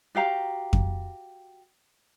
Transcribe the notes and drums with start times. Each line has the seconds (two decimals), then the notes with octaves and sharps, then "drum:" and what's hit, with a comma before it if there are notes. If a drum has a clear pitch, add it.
0.15 F#4 G4 F5 A#5
0.73 drum: kick F2